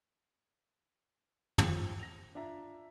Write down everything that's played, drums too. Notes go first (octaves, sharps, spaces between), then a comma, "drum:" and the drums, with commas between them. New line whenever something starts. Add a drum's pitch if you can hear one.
D#2 F3, drum: tom
A#6 F7
D4 F4 E5 A#5